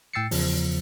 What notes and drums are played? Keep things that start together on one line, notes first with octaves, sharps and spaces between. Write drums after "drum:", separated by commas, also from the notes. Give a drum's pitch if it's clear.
A2 G5 E6 A6 C7 C#7
E2 C#3 F3, drum: open hi-hat